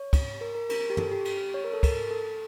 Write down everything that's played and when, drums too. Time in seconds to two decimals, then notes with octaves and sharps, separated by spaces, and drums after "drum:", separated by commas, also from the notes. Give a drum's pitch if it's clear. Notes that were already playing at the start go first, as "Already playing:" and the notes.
Already playing: C#5
0.13 drum: kick, cymbal
0.41 A#4
0.55 A#4
0.69 A#4, drum: cymbal
0.90 G4
0.97 A4, drum: tom
1.11 G4
1.25 G4, drum: cymbal
1.54 C#5
1.64 A#4
1.73 A4
1.83 A#4, drum: kick, cymbal
2.11 A4